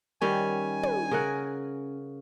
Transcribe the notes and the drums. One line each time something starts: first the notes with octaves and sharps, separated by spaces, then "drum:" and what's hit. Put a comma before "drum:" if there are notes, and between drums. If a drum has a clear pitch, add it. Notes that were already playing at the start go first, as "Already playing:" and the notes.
D#3 G3 C#4 G#5
drum: tom
C#3 A#4 F#5